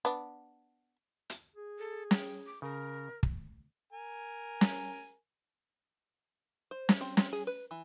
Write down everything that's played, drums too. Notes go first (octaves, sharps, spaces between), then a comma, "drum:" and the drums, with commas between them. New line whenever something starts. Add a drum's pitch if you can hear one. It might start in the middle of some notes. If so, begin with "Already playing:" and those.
B3 D4
drum: hi-hat
G#4
A4
G5, drum: snare
D6
C#3 A#4
drum: kick
A#4 G#5
drum: snare
C5
drum: snare
C4
C4, drum: snare
G#4
B4
E3